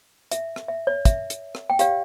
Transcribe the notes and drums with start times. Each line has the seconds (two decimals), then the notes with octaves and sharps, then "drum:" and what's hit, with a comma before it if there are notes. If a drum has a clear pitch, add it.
0.31 E5, drum: hi-hat
0.56 drum: rim click
0.68 E5
0.87 C#5
1.05 E5, drum: kick, hi-hat
1.30 drum: hi-hat
1.55 drum: rim click
1.70 G5
1.79 G4 C#5 F5, drum: hi-hat